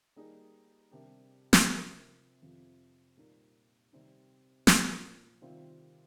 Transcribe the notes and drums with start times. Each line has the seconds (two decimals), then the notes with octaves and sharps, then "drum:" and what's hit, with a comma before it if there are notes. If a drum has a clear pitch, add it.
0.16 G3 A#3 D#4 G#4
0.91 C3 G3 D4 G4 A#4
1.53 drum: snare
1.67 C3 F3 C4 G4 A#4
2.42 F2 C3 F3
3.17 A#2 G3 A#3 D#4
3.93 C3 G3 C4 D#4
4.67 A#2 F3 A#3, drum: snare
5.42 C3 D#3 G3 C4 F4